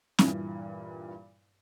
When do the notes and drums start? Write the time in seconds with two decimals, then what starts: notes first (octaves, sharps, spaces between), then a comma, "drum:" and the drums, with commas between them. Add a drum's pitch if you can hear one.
0.19 G2 A#2 E3, drum: snare